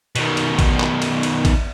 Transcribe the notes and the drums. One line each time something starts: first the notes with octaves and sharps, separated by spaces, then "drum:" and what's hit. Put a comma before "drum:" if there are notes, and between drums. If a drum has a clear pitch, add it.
B2 D#3, drum: cymbal
drum: cymbal
drum: kick A1, cymbal
drum: clap
drum: cymbal
drum: cymbal
drum: kick A1, cymbal